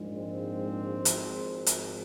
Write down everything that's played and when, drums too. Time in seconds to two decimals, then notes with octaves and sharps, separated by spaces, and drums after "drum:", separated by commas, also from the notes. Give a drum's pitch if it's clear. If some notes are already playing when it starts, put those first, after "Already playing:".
Already playing: A#1 G#2 F3 G#3
0.13 C4
1.05 G#1 G#2 F3 G#3, drum: hi-hat
1.66 drum: hi-hat